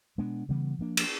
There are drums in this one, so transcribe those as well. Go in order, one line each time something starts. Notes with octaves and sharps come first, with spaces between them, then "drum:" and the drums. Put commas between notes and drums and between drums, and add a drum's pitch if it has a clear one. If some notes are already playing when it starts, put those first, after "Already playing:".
B2 G#3 B3 D4
C#3 E3 G3 B3
F3 A#3 D4
drum: cymbal